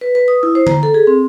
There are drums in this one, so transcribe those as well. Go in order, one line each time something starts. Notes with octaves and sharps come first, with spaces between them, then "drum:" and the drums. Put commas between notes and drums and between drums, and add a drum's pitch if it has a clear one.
B4
B4
D#6
E4
C5
A#5, drum: tom D3
A4
G#4
C4